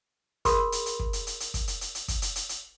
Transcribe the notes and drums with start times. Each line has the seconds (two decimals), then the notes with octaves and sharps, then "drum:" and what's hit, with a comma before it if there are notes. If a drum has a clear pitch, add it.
0.45 G#4 A#4 B5 C6 D#6 E6, drum: kick, hi-hat
0.72 drum: hi-hat
0.86 drum: hi-hat
1.00 drum: kick
1.13 drum: hi-hat
1.27 drum: hi-hat
1.40 drum: hi-hat
1.54 drum: kick, hi-hat
1.68 drum: hi-hat
1.81 drum: hi-hat
1.95 drum: hi-hat
2.08 drum: kick, hi-hat
2.22 drum: hi-hat
2.36 drum: hi-hat
2.49 drum: hi-hat